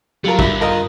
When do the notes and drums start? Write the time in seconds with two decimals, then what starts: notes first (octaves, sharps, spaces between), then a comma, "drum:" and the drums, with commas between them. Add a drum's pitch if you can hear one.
0.24 F#3 G3 F4 A#4
0.39 G2 E5 B5, drum: kick
0.61 F4 A#4 D#5